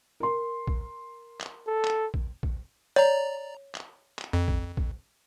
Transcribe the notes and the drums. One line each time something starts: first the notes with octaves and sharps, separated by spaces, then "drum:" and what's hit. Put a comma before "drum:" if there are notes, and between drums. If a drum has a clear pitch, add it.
A#4 C6
drum: kick A#1
drum: clap
A4
drum: clap
drum: kick A#1
drum: kick A#1
C#5 D5 A#5
drum: clap
drum: clap
F2
drum: kick A#1
drum: kick A#1